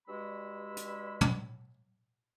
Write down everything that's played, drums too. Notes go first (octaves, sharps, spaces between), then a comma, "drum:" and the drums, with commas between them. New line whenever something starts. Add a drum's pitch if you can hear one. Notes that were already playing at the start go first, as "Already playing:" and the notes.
G2 G3 G#3 F#4 B5 E6
drum: hi-hat
drum: tom